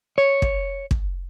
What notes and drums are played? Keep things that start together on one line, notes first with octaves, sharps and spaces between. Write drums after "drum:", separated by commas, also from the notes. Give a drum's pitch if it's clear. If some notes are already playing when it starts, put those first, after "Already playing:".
C#5
drum: kick
drum: kick